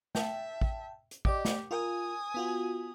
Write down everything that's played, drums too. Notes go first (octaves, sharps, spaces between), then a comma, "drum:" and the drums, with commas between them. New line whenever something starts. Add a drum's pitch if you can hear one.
E5 G5 A5, drum: snare
drum: kick
drum: hi-hat
G4 D5 D#5 D6, drum: kick
drum: snare
F4 A#4 G#5 D#6
B3 F4 F#4